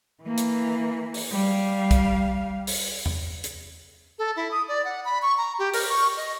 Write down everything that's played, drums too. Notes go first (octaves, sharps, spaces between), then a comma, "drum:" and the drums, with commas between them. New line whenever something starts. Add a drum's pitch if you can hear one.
E3 A#3
drum: hi-hat
drum: open hi-hat
G3 F5
drum: kick, hi-hat
drum: open hi-hat
drum: tom E2
drum: hi-hat
A4
E4
D#6
D5
F#5
B5
C#6
A#5
G4
A#4, drum: open hi-hat
C#6
D#5